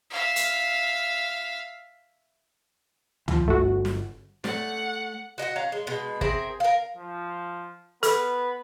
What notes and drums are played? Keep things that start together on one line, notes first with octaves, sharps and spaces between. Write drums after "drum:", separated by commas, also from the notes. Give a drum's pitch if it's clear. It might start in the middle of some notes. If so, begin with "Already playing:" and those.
E5 F5
drum: hi-hat
E3 F3, drum: tom C#2
G1 A3 F#4
drum: snare
A3 C#5 D5 F#5, drum: snare
F#4 D#5 F5 F#5
C#4 F5 A#5
G#3
B2 G#3
C4 G#4 A#4 E5, drum: kick
A#4 F5
F3
B3 A4 B4, drum: hi-hat